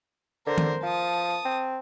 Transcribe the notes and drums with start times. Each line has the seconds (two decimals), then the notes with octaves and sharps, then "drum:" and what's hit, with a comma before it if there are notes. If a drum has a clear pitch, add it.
0.47 D3 A#4 C5
0.58 drum: tom D#3
0.83 F3 A5 D#6
1.45 C4